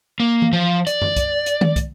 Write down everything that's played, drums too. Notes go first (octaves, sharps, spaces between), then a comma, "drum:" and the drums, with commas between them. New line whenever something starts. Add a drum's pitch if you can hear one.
A#3
drum: tom E3
F3
D5, drum: hi-hat
drum: tom F#2
drum: kick, hi-hat
drum: hi-hat
drum: tom D#3
drum: kick, hi-hat